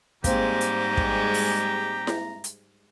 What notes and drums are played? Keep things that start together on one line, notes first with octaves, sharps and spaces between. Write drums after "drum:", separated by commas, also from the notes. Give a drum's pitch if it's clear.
G#2 G3 G#3 A#3 C4 G4 A#5, drum: kick, hi-hat
drum: hi-hat
drum: kick
drum: open hi-hat
drum: snare E4
drum: hi-hat